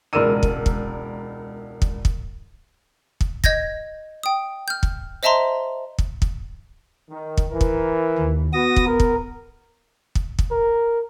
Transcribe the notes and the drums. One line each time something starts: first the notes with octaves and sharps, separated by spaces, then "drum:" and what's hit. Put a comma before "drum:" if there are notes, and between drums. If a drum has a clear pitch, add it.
E1 C#2 A#4 D5 E6 D#7
drum: kick
drum: kick
drum: kick
drum: kick
drum: kick
D#5 G6 G#6 A#6, drum: kick
G5 D#6
F6 G6
drum: kick
C5 D#5 E5 A5 A#5 C6
drum: kick
drum: kick
D#3
drum: kick
E3 A#4
drum: kick
D#2
B3 F#4 D#6 A#6
drum: kick
A#4
drum: kick
drum: kick
drum: kick
A#4